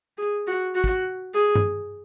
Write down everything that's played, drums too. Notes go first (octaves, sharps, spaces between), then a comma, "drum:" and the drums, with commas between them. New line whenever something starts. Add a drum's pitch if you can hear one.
G#4
F#4
F#4
drum: kick
G#4
drum: tom G2